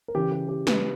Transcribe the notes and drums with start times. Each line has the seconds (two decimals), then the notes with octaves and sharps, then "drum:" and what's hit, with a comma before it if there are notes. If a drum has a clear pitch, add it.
0.08 A#4
0.15 C#3 E3 G4
0.32 G4
0.49 G4
0.67 B4, drum: snare